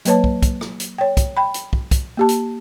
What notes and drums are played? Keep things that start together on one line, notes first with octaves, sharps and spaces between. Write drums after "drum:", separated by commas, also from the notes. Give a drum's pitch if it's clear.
F#3 A#3 B4 C#5 A5, drum: hi-hat
drum: kick
drum: kick, hi-hat
drum: rim click
drum: hi-hat
C#5 G5
drum: kick, hi-hat
G5 B5
drum: hi-hat
drum: kick
drum: kick, hi-hat
A#3 G4 A5
drum: hi-hat